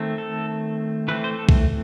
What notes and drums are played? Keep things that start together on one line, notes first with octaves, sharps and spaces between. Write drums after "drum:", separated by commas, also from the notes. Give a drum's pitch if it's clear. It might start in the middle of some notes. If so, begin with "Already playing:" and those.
Already playing: D#3 A3 C4
A4
E3 A3 C4 B4
C5
A4
drum: kick